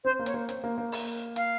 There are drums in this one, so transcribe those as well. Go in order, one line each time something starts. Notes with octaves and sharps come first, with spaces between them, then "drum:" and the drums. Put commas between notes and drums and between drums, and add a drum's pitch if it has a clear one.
C4 C5
A#3
C#5, drum: hi-hat
A#3
C4, drum: hi-hat
A#3
A#3
drum: open hi-hat
F5, drum: hi-hat